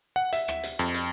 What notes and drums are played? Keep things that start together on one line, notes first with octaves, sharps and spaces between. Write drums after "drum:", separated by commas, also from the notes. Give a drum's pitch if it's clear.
F#5
E5, drum: hi-hat
drum: rim click
drum: hi-hat
F2, drum: hi-hat
drum: hi-hat